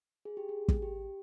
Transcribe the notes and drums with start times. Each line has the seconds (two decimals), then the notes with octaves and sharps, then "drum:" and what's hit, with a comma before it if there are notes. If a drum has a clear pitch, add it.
0.25 G#4
0.37 G4
0.49 G#4
0.68 drum: kick
0.82 G4